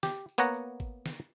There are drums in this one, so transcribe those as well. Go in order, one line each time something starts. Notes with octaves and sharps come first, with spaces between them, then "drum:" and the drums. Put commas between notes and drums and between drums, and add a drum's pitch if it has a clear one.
G4, drum: snare
drum: tambourine
A#3 B3 C#5 F#5 A#5
drum: tambourine
drum: kick G#1, tambourine
drum: snare